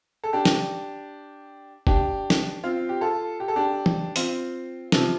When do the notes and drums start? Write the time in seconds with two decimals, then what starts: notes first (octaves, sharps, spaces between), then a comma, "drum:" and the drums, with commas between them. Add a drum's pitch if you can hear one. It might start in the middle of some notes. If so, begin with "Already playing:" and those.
0.24 A4
0.33 D4 G4
0.45 drum: snare
1.87 D4 G4, drum: kick
2.30 drum: snare
2.64 C4 F4
2.89 G4
3.01 F4 A4
3.40 G4
3.48 A4
3.56 D4 G4
3.86 drum: tom E3
4.16 C4 F4, drum: hi-hat
4.92 C3 F3, drum: snare